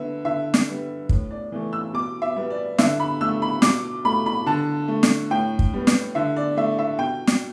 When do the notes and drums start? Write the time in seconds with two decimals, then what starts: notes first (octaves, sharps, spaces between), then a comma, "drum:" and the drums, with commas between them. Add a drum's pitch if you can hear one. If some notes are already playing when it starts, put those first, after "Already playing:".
Already playing: D3 B3 E5
0.25 D3 E5
0.54 drum: snare
0.68 G3 B3
1.09 A2, drum: kick
1.31 D5
1.52 E3 A3
1.73 E6
1.93 B2 D6
2.22 E5
2.36 G3 B3
2.50 D5
2.78 D3 E5, drum: snare
3.00 B5
3.21 A3 E6
3.42 B5
3.62 B2 D6, drum: snare
4.05 A3 B5
4.26 B5
4.46 D3 A5
4.88 A3
5.03 drum: snare
5.30 A2 G5
5.59 drum: kick
5.74 G3 B3
5.87 drum: snare
6.15 D3 E5
6.36 D5
6.57 A3 E5
6.79 E5
6.99 B2 G5
7.27 drum: snare